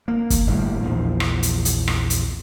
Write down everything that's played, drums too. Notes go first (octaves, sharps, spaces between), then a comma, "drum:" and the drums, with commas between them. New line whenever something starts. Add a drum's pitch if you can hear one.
A#3
drum: kick, hi-hat
G1 A2 G3 A#3
A#1 E2 F3
drum: rim click
drum: hi-hat
drum: hi-hat
drum: rim click
drum: hi-hat